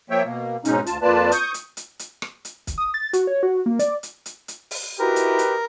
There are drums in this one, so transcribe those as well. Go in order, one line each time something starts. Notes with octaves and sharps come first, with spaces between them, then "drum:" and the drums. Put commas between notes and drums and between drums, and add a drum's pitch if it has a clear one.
F3 A#3 C#5 E5 G5
B2 A#3
G#2 B2 G#3 C#4 D#4, drum: hi-hat
D2 F4 A5, drum: hi-hat
F2 A#3 F4 B4 D5 A5
C#6 D#6 G6, drum: hi-hat
drum: hi-hat
drum: hi-hat
drum: hi-hat
drum: rim click
drum: hi-hat
drum: kick, hi-hat
D#6
A6
F#4, drum: hi-hat
C#5
F#4
A#3
D5, drum: hi-hat
drum: hi-hat
drum: hi-hat
drum: hi-hat
drum: open hi-hat
D#4 E4 F#4 G4 A#4 B4
drum: hi-hat
drum: hi-hat